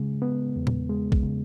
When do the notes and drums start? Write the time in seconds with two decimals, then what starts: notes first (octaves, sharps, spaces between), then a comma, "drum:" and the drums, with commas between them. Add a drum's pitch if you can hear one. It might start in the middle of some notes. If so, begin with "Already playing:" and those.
Already playing: C#3 G#3
0.22 B3
0.56 E2
0.67 drum: tom A#2
0.89 G#3
1.12 drum: kick A#1
1.23 C#3